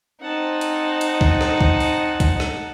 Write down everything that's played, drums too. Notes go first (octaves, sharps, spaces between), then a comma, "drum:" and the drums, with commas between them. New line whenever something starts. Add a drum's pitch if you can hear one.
C4 D#4 F#5 A5
drum: hi-hat
drum: hi-hat
drum: kick
drum: rim click
drum: kick
drum: open hi-hat
drum: kick, hi-hat
drum: rim click